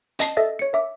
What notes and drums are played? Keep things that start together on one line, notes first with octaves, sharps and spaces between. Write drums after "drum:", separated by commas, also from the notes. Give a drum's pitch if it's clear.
C#4 D#5 A5 C7, drum: hi-hat
A4 D#5 E5 A6
C#5 C#7
A#4 E5 D6